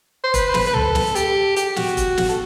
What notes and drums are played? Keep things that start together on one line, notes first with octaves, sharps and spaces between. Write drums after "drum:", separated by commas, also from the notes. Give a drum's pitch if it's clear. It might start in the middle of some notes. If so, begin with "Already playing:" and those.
C5
B4, drum: kick E1, hi-hat
C5
B4, drum: snare
B4
A4, drum: tom
drum: snare
G4, drum: hi-hat
G4, drum: hi-hat
F#4, drum: snare
drum: kick E1, hi-hat
drum: snare
A4